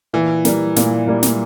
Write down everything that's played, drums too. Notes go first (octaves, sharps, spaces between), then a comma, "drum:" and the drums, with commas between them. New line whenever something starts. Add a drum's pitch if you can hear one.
A#2 E3
G3 A#3, drum: snare
A#2, drum: snare
G3 A#3
drum: snare